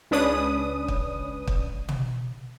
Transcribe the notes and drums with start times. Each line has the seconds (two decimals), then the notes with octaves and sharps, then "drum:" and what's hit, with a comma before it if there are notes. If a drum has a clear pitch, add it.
0.11 C#2 C#4 D4 B4 D#6
0.88 drum: kick
1.47 drum: kick
1.89 drum: tom